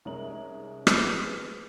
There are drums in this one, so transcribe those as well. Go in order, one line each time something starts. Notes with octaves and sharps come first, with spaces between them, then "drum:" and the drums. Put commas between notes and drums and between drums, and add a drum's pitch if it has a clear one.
C2 G#3 C#4 D#4 A#4 F#7
G#4 B4 C5, drum: rim click